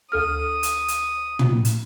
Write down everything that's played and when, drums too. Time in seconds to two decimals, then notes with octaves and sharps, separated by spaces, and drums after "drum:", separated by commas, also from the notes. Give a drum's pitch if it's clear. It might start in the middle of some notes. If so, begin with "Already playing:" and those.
0.12 D2 A4 D#6 F6
0.63 drum: hi-hat
0.88 drum: hi-hat
1.39 drum: tom
1.65 drum: hi-hat